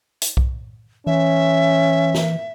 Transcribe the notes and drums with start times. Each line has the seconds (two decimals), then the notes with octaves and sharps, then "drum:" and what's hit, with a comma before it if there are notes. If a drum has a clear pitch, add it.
0.22 drum: hi-hat
0.37 drum: kick B1
1.07 E3 C#4 E5
2.14 drum: snare